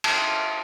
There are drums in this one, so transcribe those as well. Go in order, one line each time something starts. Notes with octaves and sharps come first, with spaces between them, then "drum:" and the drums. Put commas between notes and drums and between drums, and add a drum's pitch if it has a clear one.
A5, drum: cymbal